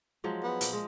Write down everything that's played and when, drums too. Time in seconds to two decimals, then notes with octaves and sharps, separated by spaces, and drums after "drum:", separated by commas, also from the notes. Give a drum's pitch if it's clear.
0.24 F3 F#3 G#3
0.43 B3
0.61 A#2 F3, drum: hi-hat
0.73 G#3